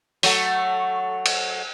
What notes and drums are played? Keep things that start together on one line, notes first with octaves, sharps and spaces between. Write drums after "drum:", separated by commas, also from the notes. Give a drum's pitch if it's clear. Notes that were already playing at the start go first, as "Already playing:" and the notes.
F#3 A3, drum: open hi-hat
drum: cymbal